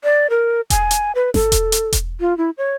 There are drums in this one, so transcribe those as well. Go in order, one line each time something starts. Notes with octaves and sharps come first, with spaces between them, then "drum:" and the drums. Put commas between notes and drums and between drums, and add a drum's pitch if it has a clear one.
D5
A#4
G#5, drum: kick E1, hi-hat
drum: hi-hat
B4
A4, drum: snare G1
drum: kick E1, hi-hat
drum: hi-hat
drum: kick E1, hi-hat
F4
E4
C#5